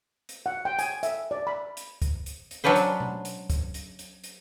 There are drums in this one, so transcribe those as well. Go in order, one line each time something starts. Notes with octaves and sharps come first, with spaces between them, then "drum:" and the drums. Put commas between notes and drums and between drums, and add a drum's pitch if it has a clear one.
drum: hi-hat
F#5
G5
G#5, drum: hi-hat
E5, drum: hi-hat
D5
B5
drum: hi-hat
drum: kick C#2, hi-hat
drum: hi-hat
drum: hi-hat
F#3 C#4 D4 B4 C5
drum: hi-hat
drum: tom B2
drum: hi-hat
drum: kick C#2, hi-hat
drum: hi-hat
drum: hi-hat
drum: hi-hat